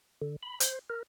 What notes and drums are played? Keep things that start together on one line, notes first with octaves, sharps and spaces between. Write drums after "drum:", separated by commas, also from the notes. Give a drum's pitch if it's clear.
D3
B5
C5, drum: hi-hat
A#4